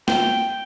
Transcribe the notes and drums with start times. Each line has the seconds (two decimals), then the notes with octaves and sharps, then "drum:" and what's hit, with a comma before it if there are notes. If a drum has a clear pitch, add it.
0.08 G5, drum: snare